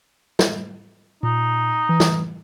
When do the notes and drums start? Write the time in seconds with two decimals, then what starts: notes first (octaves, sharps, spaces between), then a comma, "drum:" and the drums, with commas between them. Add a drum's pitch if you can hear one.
0.39 drum: snare
1.23 A#2 D#4
1.89 E3
2.00 drum: snare